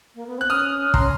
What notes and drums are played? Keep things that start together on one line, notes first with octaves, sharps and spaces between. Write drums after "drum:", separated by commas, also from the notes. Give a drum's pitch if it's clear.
A#3
B3
C4 F#6
C#4 D#6 F6
A#5 C6, drum: kick